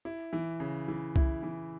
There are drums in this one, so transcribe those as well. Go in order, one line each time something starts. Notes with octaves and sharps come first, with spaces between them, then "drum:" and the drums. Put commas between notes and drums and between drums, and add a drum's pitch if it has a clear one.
E4
E3
C#3
E3
E4, drum: kick C2
E3